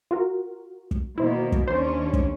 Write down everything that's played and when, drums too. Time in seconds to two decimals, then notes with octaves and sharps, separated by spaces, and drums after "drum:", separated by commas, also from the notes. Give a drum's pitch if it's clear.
0.11 F4 F#4 A#4
0.91 drum: kick
1.18 B2 D#3 A#3 E4 C5
1.52 drum: kick
1.68 D#2 C#4 D4 C5 C6
2.13 drum: kick